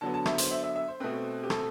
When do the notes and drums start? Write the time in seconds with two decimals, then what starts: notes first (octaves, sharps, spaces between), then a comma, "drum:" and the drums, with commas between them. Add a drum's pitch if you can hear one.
0.01 D3 F#3 B3 A5
0.14 A5
0.26 E5, drum: rim click
0.38 C5, drum: hi-hat
0.51 E5
0.63 E5
0.76 E5
0.88 C5
1.00 B2 A3 C4 B4
1.43 G4
1.50 A4, drum: rim click